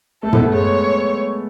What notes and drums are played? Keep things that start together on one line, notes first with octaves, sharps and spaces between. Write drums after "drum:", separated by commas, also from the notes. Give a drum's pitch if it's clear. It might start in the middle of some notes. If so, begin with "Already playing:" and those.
A3 A4
B3, drum: tom
A3
G#3 C#5